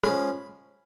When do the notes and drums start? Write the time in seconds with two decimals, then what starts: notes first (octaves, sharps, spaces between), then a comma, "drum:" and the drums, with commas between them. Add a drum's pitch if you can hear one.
0.04 F3 G#3 C#4 B5, drum: rim click